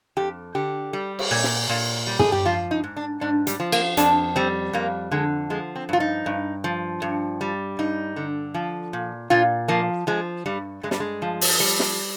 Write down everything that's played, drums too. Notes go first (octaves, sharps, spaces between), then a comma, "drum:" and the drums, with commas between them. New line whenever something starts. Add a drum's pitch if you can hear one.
F2 G4
D3 G4
G3
drum: cymbal
A#2
drum: snare
A#2
G3
G#4, drum: tom
G4
F3 F4
D#4
G#2
D4
G#2 D4
G3, drum: hi-hat
F3
A#3, drum: cymbal
F2 D4, drum: hi-hat
G3 C4
F2 A#3
D3 G#3
F3 G#3
C4
G2 F4
D#4
G2
F3
G2
G3
G2 D#4
D3
F3
A#2
A#2 F4
F3 A#3
F3 G#3
G2 G3
G2 G#3
G3, drum: snare
G#3
F3
drum: open hi-hat
G3
drum: snare